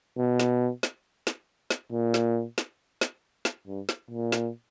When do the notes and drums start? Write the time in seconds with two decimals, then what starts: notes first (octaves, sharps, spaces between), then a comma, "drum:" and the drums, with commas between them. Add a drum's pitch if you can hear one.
0.18 B2
0.40 drum: snare
0.83 drum: snare
1.27 drum: snare
1.70 drum: snare
1.92 A#2
2.14 drum: snare
2.58 drum: snare
3.01 drum: snare
3.45 drum: snare
3.67 G2
3.89 drum: snare
4.11 A#2
4.32 drum: snare